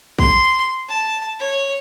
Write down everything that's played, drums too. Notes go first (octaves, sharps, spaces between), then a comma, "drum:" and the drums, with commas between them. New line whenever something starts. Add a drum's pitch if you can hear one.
C6, drum: kick A#1
A5
C#5